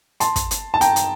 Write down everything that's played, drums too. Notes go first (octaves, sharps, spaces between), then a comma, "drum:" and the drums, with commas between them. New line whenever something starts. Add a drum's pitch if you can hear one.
A5 C6, drum: hi-hat
drum: kick, hi-hat
drum: hi-hat
A5
G5 A#5, drum: hi-hat
drum: hi-hat